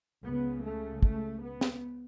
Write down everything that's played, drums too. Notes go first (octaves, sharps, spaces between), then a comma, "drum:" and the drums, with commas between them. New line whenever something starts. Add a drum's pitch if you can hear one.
C#2 C#3 B3
A3
A3, drum: kick
B3
drum: snare